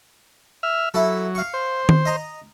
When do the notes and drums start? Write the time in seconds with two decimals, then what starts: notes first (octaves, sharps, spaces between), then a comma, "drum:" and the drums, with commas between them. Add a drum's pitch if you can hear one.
0.63 E5 F6
0.94 F#3 E4 A4
1.35 F5 C#6
1.54 C5
1.89 drum: tom D#3
2.05 D#5 A#5